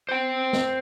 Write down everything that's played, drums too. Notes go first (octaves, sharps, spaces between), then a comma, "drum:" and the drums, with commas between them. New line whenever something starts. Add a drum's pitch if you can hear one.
C5 G5
drum: snare